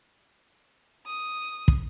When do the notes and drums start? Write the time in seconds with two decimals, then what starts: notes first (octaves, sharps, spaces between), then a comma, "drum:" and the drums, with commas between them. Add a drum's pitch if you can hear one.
1.07 D#6
1.68 drum: kick